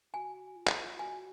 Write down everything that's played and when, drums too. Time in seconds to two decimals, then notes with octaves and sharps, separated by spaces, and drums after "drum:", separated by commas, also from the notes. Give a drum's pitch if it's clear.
0.13 F#4 G#5
0.56 F4
0.67 drum: clap
0.99 F#4 G#5